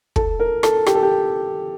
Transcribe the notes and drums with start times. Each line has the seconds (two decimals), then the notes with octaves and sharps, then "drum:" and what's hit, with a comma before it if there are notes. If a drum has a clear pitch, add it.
0.16 A4, drum: kick
0.40 A#4
0.63 A4, drum: rim click
0.86 G4, drum: rim click
0.95 A4
1.03 G4